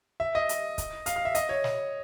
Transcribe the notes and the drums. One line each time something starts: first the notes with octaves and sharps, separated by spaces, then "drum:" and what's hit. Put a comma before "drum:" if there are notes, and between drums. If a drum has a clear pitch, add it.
E5
D#5
drum: hi-hat
drum: kick C#1, hi-hat
F5, drum: hi-hat
F5
E5
D#5, drum: hi-hat
C#5
drum: snare